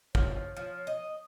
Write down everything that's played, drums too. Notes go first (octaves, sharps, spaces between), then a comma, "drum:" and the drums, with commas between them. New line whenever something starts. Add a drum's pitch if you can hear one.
F3 C#5, drum: kick
F3
D#5